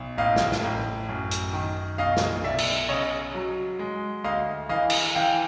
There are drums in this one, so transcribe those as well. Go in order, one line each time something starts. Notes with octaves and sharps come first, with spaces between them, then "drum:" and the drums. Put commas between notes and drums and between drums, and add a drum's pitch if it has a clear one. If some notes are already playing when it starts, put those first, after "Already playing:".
Already playing: B1
A1 D#5 F5
drum: snare
drum: snare
A1
F#2
drum: hi-hat
D#3
B1 D#5 F5
drum: snare
B1 D5 E5
drum: cymbal
C#3 C#5 D#5
F#3
G#3
D2 D#5 F5
E3 D#5 F5
drum: cymbal
E3 F5 G5